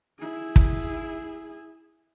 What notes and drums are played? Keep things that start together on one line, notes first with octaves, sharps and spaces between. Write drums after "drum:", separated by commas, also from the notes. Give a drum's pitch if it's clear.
E4 G#4
drum: kick